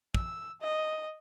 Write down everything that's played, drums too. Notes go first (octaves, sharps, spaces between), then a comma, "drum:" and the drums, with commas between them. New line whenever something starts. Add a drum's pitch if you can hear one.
E6, drum: kick
D#5